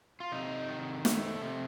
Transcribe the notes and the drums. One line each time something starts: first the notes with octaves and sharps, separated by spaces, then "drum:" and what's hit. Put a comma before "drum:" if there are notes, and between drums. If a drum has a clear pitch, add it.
F4
C3 D#4
D#3
A3, drum: snare
C3